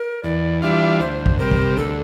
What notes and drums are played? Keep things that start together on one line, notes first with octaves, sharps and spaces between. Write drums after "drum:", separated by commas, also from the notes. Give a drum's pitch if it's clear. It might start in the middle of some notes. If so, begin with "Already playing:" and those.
Already playing: A#4
E2 D5
E3 G3 D4 F4 E5
D2 C5
drum: kick A#1
C3 G3 A#4
drum: kick A#1
D2 A4